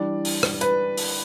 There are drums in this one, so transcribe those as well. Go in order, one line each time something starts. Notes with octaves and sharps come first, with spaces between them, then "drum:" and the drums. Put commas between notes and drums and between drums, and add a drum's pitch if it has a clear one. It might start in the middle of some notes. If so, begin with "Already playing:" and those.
Already playing: E3 G3 D4 D5
drum: open hi-hat
drum: rim click
B4, drum: hi-hat
drum: open hi-hat